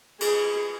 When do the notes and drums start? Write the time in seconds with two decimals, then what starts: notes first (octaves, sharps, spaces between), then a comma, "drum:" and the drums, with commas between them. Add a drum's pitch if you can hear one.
0.21 G#4, drum: cymbal